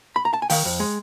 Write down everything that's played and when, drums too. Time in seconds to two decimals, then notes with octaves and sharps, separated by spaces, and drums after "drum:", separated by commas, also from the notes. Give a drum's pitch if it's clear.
0.16 B5
0.25 A#5
0.33 A5
0.42 G#5
0.50 D#3 F5 G5, drum: open hi-hat
0.65 F2
0.80 G#3